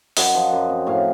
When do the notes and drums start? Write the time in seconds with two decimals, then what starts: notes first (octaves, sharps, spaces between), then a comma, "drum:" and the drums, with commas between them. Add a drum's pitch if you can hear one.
0.17 F#2 D#5 F#5, drum: open hi-hat
0.35 F3
0.53 F#2
0.69 C4
0.87 A2 C#5 F5